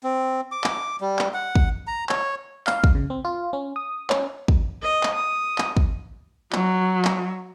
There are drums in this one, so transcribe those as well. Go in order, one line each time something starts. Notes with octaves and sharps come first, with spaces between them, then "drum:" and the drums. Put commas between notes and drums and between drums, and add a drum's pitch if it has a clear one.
C4
D6
drum: clap
G3
drum: clap
F#5
drum: kick
A#5
C#5, drum: clap
F5, drum: clap
drum: kick
C#3
C4
F4
C#4
D#6
C#4, drum: clap
drum: kick
D#5
drum: clap
D#6
drum: clap
drum: kick
F#3, drum: clap
drum: clap